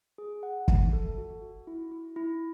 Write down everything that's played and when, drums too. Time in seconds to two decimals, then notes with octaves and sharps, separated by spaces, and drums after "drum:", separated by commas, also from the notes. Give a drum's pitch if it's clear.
0.18 G#4
0.43 F#5
0.68 E5, drum: kick
0.93 A4
1.18 F#4
1.42 F#4
1.67 E4
1.92 E4
2.16 E4